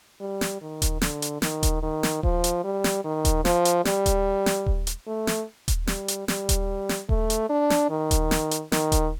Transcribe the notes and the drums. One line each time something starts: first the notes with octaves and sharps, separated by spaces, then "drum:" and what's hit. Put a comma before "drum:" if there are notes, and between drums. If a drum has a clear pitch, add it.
G3
drum: snare
D#3
drum: kick D#1, hi-hat
D3, drum: snare
drum: hi-hat
D#3, drum: snare
drum: kick D#1, hi-hat
D#3
drum: snare
F3, drum: kick D#1
drum: hi-hat
G3
drum: snare
D#3
drum: kick D#1, hi-hat
F3, drum: snare
drum: hi-hat
G3, drum: snare
drum: kick D#1, hi-hat
drum: snare
drum: kick D#1
drum: hi-hat
A3
drum: snare
drum: kick D#1, hi-hat
G3, drum: snare
drum: hi-hat
G3, drum: snare
drum: kick D#1, hi-hat
drum: snare
A3, drum: kick D#1
drum: hi-hat
D4
drum: snare
D#3
drum: kick D#1, hi-hat
drum: snare
drum: hi-hat
D#3, drum: snare
drum: kick D#1, hi-hat